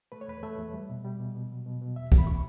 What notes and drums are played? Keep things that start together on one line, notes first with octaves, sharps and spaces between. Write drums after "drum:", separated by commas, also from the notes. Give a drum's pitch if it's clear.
A3 B4
C#5
E2 B4
A3 E5
E2
G3
B2
G3
B2
B2
F#3
B2
B2
E2 E5
E2, drum: kick
B5
C#4 C#6